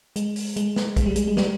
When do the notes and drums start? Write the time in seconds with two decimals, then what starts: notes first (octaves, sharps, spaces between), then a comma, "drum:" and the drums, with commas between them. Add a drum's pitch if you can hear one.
0.16 G#3, drum: hi-hat
0.36 drum: open hi-hat
0.56 G#3, drum: hi-hat
0.76 drum: snare
0.96 G#3, drum: kick, hi-hat
1.06 G3
1.16 G#3, drum: hi-hat
1.28 G#3
1.37 G3, drum: snare